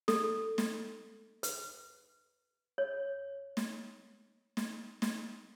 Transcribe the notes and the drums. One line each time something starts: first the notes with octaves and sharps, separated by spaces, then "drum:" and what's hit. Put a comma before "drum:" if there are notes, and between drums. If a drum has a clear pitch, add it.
A4, drum: snare
drum: snare
B4, drum: hi-hat
C#5
drum: snare
drum: snare
drum: snare